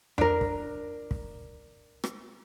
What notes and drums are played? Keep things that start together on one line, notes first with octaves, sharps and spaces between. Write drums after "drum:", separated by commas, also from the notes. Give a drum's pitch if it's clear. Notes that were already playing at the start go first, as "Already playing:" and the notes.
D4 A#4, drum: tom F2
drum: kick
drum: kick
drum: rim click